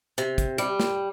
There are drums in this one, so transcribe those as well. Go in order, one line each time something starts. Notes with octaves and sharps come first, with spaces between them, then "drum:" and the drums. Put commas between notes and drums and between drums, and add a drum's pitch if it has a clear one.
C3, drum: hi-hat
drum: kick, hi-hat
G3, drum: hi-hat
drum: snare